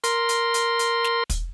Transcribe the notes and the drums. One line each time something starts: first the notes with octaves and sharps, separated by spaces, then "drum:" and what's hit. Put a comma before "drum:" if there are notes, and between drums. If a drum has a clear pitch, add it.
A#4 C6, drum: hi-hat
drum: hi-hat
drum: hi-hat
drum: hi-hat
drum: snare
drum: kick, hi-hat